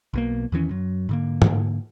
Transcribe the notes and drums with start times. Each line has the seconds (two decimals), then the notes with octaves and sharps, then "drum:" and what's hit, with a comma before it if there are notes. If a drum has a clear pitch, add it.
0.13 B1 B2 A#3
0.52 E2 D#3 E3 C#4
0.71 F#2 F#3
1.09 G#2 D3 A#3
1.42 drum: tom G#2